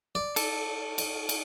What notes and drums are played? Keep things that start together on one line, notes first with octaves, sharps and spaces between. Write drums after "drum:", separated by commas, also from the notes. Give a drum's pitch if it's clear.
D5
A4, drum: cymbal
drum: cymbal
drum: cymbal